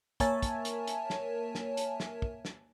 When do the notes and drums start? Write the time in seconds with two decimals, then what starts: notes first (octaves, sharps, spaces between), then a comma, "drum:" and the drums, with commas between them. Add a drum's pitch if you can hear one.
0.20 A#3 A#4 C#5 E5 G#5 A5, drum: kick, hi-hat
0.42 drum: kick, hi-hat
0.65 drum: hi-hat
0.87 drum: hi-hat
1.10 drum: snare
1.55 drum: snare
1.77 drum: hi-hat
2.00 drum: snare
2.22 drum: kick
2.45 drum: snare